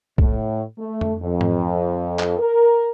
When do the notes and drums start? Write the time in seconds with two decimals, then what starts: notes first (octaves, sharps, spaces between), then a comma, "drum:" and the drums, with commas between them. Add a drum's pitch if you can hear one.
0.18 A2, drum: kick B1
0.78 A3
1.01 drum: tom F2
1.22 F2
1.41 drum: tom G#2
2.19 drum: clap
2.38 A#4